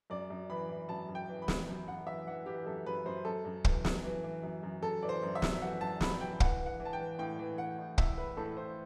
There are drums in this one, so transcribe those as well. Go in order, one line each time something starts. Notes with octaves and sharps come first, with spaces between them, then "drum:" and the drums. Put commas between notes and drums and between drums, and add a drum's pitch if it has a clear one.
F#2 D5
F#2
E3 B5
E3
F#2 A5
F#2
G5
E3
B5
E3, drum: snare
F#2
F#2 F#5
E3 E5
E3 F#5
E3 G4
F#2 A4
F#2 B4
F#2 C5
F#2 A4
F#2
E3, drum: kick
F#2, drum: snare
E3
E3
F#2
F#2
F#2 A4
E3 D5
C5
F#2
E5
F#2, drum: snare
E3 F#5
F#2 A5
F#2 B5, drum: snare
E3 G5
E3 F#5, drum: kick
E3
F#5
E3
A5
G5
E3
A2 G5
E3
E3 F#5
A2
A2 E5, drum: kick
E3 B4
A2 A4
A2 C5